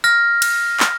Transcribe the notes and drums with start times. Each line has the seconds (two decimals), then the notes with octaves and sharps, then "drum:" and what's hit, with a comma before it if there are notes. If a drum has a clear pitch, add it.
0.04 F6 A#6
0.42 drum: cymbal
0.80 drum: clap